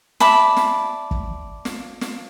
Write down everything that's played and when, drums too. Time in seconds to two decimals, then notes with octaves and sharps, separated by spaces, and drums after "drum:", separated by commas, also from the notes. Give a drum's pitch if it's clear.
0.20 D5 E5 A5 B5, drum: snare
0.57 drum: snare
1.11 drum: kick
1.65 drum: snare
2.01 drum: snare